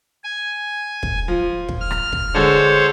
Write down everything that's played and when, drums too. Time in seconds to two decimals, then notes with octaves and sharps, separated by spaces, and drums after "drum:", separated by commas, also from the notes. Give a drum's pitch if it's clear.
0.24 G#5
1.03 drum: kick
1.28 F3
1.69 drum: kick
1.81 F6
1.91 drum: rim click
2.13 drum: kick
2.34 D3 G#3 A4 C5 C#5